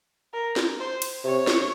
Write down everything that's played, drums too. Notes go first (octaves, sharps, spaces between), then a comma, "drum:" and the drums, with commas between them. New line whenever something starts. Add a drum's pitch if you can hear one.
A#4
drum: snare
C5
drum: cymbal
C3 C#5
drum: snare